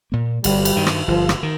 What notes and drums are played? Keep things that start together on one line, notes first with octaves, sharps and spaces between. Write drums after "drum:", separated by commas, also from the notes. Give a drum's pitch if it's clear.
A#2 A#3
G1 G3, drum: cymbal
drum: cymbal
G2 D#3
drum: rim click
G1 F3
drum: rim click
D#3